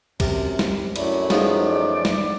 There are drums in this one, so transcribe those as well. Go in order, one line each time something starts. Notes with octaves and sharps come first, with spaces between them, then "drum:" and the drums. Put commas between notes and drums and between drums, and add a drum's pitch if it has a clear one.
F#2 C3 A#4 A5, drum: kick, cymbal
drum: snare
F#2 F#3 A3 E4 D5 B5, drum: cymbal
F3 G#3 B3 D#4, drum: snare
D5
drum: snare